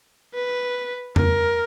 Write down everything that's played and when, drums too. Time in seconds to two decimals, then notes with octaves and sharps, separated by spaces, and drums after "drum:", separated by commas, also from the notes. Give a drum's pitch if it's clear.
0.34 B4
1.16 A#4, drum: tom F2